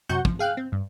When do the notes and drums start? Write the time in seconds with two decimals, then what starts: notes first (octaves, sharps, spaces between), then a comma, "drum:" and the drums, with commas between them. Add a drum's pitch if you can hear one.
0.09 F#2 C3 F#4 F#5 C#6 G6
0.25 F3, drum: kick
0.39 G#4 F5 G5 F#6
0.57 C4
0.72 G2